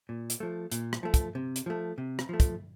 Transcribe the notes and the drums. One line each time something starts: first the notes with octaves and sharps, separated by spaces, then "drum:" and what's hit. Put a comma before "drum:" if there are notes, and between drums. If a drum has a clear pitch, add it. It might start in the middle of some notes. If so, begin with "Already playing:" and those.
A#2
drum: hi-hat
F3 A3
A#2, drum: hi-hat
drum: rim click
F3 A3
drum: kick, hi-hat
C3
drum: hi-hat
F3 A3
C3
drum: rim click
F3 A3
drum: kick, hi-hat